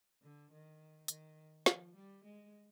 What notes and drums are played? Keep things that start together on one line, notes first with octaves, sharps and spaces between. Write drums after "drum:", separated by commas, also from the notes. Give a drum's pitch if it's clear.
D3
D#3
D#3, drum: hi-hat
F3, drum: snare
G3
G#3